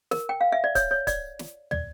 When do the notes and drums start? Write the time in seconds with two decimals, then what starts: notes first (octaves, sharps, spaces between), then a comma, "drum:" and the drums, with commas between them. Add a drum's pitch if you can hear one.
0.11 A#4, drum: snare
0.29 G5
0.41 F5
0.52 E5
0.64 D5
0.75 C#5, drum: kick, hi-hat
0.91 C#5
1.07 D5, drum: kick, hi-hat
1.39 drum: snare
1.71 D5, drum: tom